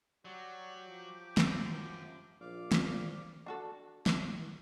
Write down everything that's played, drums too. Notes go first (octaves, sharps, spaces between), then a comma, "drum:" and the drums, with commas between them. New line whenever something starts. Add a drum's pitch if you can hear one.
F#3 F#4 G4 C#5 D5
F3 D6
drum: snare
F#2
A#1 D5 F5 D6
drum: snare
D4 F#4 A4
drum: snare